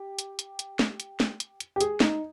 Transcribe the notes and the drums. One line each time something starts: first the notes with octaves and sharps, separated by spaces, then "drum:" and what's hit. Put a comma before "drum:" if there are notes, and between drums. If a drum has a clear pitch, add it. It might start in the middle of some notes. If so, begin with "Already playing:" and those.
Already playing: G4
drum: hi-hat
drum: hi-hat
drum: hi-hat
drum: snare
drum: hi-hat
drum: snare
drum: hi-hat
drum: hi-hat
G4
G#4, drum: hi-hat
D#4, drum: snare